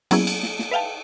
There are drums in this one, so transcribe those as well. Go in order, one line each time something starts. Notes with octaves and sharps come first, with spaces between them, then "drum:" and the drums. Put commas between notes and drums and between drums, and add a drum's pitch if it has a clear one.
F#3 A#3 B3 C#4 E4 G#4, drum: cymbal
drum: cymbal
drum: snare
drum: snare
B4 E5 F5 G5 A5